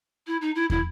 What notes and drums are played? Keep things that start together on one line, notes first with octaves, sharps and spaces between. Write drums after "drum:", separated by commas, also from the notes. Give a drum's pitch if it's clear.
E4
D#4
E4
E4, drum: kick